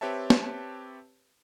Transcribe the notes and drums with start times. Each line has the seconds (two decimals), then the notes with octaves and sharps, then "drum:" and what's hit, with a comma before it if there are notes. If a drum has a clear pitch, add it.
0.01 C4 G4 B4 C#5 E5 A5
0.30 drum: snare